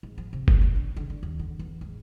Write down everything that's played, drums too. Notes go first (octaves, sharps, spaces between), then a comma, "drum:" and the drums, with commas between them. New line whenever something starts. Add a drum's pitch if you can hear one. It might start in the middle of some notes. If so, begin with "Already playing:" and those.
G#2
F3
C3
A3, drum: kick F#1
F2
D3
D3
D3
D#2
D3
E2
G#2